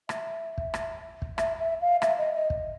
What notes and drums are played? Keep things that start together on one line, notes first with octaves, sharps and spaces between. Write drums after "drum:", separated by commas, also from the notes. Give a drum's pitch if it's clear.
E5, drum: rim click
drum: kick
drum: rim click
drum: kick
E5, drum: rim click
E5
F5
E5, drum: rim click
D#5
D#5
drum: kick